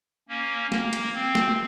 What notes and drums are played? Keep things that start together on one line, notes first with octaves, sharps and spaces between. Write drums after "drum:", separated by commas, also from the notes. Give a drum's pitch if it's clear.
A#3 C#4
A#3, drum: snare
drum: cymbal
C4
drum: snare